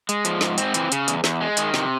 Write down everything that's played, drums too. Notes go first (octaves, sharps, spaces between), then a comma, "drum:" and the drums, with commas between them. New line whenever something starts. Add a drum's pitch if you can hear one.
G#3, drum: hi-hat
F3, drum: hi-hat
G#2, drum: snare
C4, drum: hi-hat
E3, drum: hi-hat
C#3, drum: hi-hat
E2, drum: hi-hat
E2, drum: snare
G#3
D#3, drum: hi-hat
C3, drum: snare